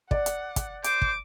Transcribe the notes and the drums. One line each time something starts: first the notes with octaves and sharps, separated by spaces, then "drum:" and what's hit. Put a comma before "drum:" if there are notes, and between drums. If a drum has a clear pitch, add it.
D5 F#5, drum: kick
drum: hi-hat
drum: kick, hi-hat
C5 D6, drum: hi-hat
drum: kick